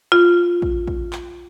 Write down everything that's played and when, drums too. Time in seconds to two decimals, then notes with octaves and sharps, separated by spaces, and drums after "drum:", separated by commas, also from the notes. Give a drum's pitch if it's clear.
0.12 F4
0.62 drum: kick
0.88 drum: kick
1.13 drum: clap